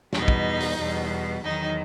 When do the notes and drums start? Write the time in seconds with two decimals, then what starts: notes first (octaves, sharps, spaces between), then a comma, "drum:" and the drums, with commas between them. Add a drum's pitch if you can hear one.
0.13 E2 B2 G3 D#4, drum: snare
0.28 drum: kick
0.60 drum: open hi-hat
0.78 E2 B2 G3
1.43 E2 D#3 F#3 D#4